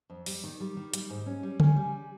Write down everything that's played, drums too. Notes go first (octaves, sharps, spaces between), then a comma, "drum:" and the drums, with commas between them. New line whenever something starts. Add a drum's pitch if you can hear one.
F2
G3, drum: open hi-hat
D#3
G3
D#3
G3, drum: hi-hat
G#2
C#4
G3
C#4 G#5, drum: tom C#3
G3